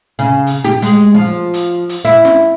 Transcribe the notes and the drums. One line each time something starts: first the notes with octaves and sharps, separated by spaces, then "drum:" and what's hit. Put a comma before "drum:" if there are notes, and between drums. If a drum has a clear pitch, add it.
C#3
drum: hi-hat
G4
G#3, drum: hi-hat
F3
drum: hi-hat
drum: hi-hat
E4
drum: snare